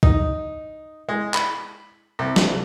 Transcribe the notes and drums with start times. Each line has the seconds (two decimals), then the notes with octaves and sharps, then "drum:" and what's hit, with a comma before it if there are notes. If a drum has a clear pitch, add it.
0.03 D#4, drum: kick
1.09 G#3
1.34 B5, drum: clap
2.19 C2
2.36 drum: snare